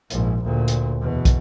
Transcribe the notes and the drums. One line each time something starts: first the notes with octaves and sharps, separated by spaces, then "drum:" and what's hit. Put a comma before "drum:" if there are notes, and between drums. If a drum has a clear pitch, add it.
A#1 G#2, drum: hi-hat
D2 A#2
drum: hi-hat
E2 B2
drum: kick, hi-hat